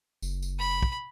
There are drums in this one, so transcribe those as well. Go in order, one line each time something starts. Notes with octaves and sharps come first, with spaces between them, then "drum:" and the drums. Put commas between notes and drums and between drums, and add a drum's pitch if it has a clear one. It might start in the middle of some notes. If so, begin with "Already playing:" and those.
F#1, drum: tambourine
drum: tambourine
B5
drum: kick